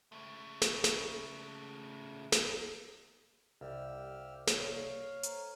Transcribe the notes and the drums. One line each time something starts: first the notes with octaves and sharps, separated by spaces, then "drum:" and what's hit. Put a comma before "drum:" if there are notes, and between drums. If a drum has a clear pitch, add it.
C#3 A3
drum: snare
drum: snare
drum: snare
C2 G4 D#5 F5 E6 F6
A#3 C#5 F5, drum: snare
A4 C5 A#5, drum: hi-hat